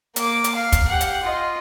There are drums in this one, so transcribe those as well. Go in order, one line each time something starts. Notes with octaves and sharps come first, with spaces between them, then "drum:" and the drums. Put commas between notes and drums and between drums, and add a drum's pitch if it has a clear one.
A#3 D6, drum: hi-hat
drum: hi-hat
F5
drum: kick, hi-hat
G4 F#5
drum: hi-hat
F4 D#5